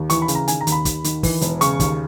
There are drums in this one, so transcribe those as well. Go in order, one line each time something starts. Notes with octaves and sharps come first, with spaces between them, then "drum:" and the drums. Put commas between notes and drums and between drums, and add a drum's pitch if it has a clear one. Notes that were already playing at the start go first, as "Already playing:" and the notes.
Already playing: D#2
E3 C#6, drum: hi-hat
B5
C#3, drum: hi-hat
A#5
D#3 G#5, drum: hi-hat
A#5
D#2, drum: hi-hat
B5
D#2, drum: kick, hi-hat
D#3, drum: hi-hat
E3, drum: kick, open hi-hat
E1, drum: hi-hat
C#3 C#6, drum: hi-hat
D#2, drum: kick, hi-hat